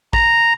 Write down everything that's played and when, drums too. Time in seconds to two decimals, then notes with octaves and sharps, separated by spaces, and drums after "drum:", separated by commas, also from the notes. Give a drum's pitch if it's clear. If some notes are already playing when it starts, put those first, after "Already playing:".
0.13 A#5, drum: kick